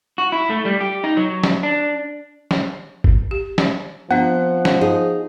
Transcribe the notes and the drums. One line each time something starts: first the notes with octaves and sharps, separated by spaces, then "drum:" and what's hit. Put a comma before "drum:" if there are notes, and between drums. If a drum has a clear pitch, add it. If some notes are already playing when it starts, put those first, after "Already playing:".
F#4
E4
A3
G3
G4
D#4
F#3
drum: snare
D4
drum: snare
drum: kick G#1
G4
drum: snare
F3 B3 C4 D4 F#5
drum: snare
D#4 G#4